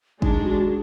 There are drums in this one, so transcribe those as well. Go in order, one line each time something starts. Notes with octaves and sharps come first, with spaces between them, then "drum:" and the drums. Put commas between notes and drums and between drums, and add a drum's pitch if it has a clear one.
D#3 G#3 D4 D#4, drum: kick
G#4
F#4
G#4